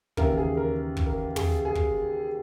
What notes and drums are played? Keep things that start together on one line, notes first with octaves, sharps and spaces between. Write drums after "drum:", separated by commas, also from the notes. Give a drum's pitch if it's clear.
D#2 C#3 E3 A#4, drum: kick
G#4
A#4
drum: kick
A#4
G#4, drum: tom
G#4
drum: kick